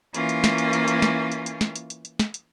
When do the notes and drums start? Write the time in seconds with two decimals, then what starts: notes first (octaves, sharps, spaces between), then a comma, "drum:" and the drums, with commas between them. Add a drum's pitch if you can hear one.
0.14 E3 A#3 C#4 F4, drum: hi-hat
0.29 drum: hi-hat
0.44 drum: snare
0.58 drum: hi-hat
0.73 drum: hi-hat
0.88 drum: hi-hat
1.02 drum: snare
1.32 drum: hi-hat
1.46 drum: hi-hat
1.61 drum: snare
1.76 drum: hi-hat
1.90 drum: hi-hat
2.05 drum: hi-hat
2.19 drum: snare
2.34 drum: hi-hat